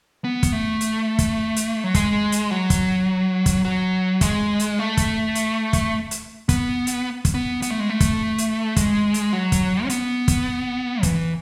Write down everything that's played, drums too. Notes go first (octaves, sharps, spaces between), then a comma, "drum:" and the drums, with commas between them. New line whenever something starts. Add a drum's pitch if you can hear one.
B3
drum: kick, hi-hat
A3
drum: hi-hat
drum: kick, hi-hat
drum: hi-hat
F#3
G#3, drum: kick, hi-hat
drum: hi-hat
F#3
drum: kick, hi-hat
drum: kick, hi-hat
F#3
G#3, drum: kick, hi-hat
drum: hi-hat
A3
drum: kick, hi-hat
drum: hi-hat
drum: kick, hi-hat
drum: hi-hat
B3, drum: kick, hi-hat
drum: hi-hat
drum: kick, hi-hat
B3
B3, drum: hi-hat
A3
G#3
A3
drum: kick, hi-hat
drum: hi-hat
G#3, drum: kick, hi-hat
drum: hi-hat
F#3
drum: kick, hi-hat
C#4
B3, drum: hi-hat
drum: kick, hi-hat
E3, drum: kick, hi-hat